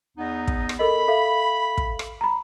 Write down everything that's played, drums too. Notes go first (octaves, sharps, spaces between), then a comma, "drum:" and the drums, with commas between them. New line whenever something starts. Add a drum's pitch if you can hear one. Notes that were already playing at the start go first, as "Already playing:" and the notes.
E2 B3 D#4
drum: kick
drum: rim click
A4 A#4 D#5 B5
A4 E5 F5
drum: kick
drum: rim click
A#5 B5